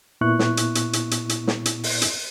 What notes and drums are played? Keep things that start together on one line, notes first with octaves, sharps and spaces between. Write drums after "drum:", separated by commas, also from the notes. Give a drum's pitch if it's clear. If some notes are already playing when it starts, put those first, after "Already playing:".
A#2 B3 E4 C#6 F#6
drum: snare
drum: hi-hat
drum: hi-hat
drum: hi-hat
drum: hi-hat
drum: hi-hat
drum: snare
drum: hi-hat
drum: open hi-hat
drum: hi-hat